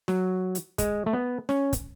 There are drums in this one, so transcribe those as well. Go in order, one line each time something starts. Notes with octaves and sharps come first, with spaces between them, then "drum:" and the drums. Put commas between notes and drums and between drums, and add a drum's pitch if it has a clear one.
F#3, drum: snare
drum: hi-hat
G#3, drum: kick, hi-hat
A3
B3
C#4, drum: snare
drum: kick, hi-hat